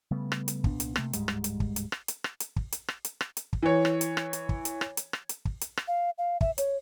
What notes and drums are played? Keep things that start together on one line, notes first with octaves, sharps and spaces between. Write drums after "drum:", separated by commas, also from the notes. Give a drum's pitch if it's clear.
C#3 G3 A3 B3
drum: rim click
drum: hi-hat
C2 A#2 B3 D4, drum: kick
drum: hi-hat
C3 F3 A3 A#3, drum: rim click
D1 G#2 G3 G#3, drum: hi-hat
drum: rim click
drum: hi-hat
drum: kick
drum: hi-hat
drum: rim click
drum: hi-hat
drum: rim click
drum: hi-hat
drum: kick
drum: hi-hat
drum: rim click
drum: hi-hat
drum: rim click
drum: hi-hat
drum: kick
E3 C#5
drum: rim click
drum: hi-hat
drum: rim click
drum: hi-hat
drum: kick
drum: hi-hat
drum: rim click
drum: hi-hat
drum: rim click
drum: hi-hat
drum: kick
drum: hi-hat
drum: rim click
F5
F5
E5, drum: kick
C#5, drum: hi-hat